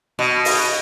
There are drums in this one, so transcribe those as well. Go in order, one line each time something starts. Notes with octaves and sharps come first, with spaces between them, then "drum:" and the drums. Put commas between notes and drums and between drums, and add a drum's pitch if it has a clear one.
B2
drum: open hi-hat